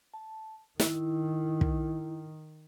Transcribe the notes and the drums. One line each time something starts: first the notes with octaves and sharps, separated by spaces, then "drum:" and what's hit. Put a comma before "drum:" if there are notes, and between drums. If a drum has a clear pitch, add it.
A5
D#3 E4, drum: snare
drum: kick